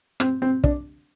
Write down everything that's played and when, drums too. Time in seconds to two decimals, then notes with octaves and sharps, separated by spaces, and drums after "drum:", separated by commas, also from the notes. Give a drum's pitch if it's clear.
0.20 C4, drum: rim click
0.42 C4
0.64 D4, drum: kick